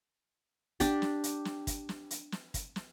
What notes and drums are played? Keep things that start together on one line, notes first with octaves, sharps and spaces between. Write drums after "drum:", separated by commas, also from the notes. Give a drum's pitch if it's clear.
D4 G4, drum: kick, hi-hat
drum: snare
drum: hi-hat
drum: snare
drum: kick, hi-hat
drum: snare
drum: hi-hat
drum: snare
drum: kick, hi-hat
drum: snare